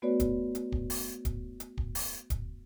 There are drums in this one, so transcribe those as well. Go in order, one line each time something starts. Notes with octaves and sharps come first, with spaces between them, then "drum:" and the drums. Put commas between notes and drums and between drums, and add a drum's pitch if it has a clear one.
A3 B3 F#4 B4 C#5 D5
drum: kick, hi-hat
drum: hi-hat
drum: kick
drum: open hi-hat
drum: kick, hi-hat
drum: hi-hat
drum: kick
drum: open hi-hat
drum: kick, hi-hat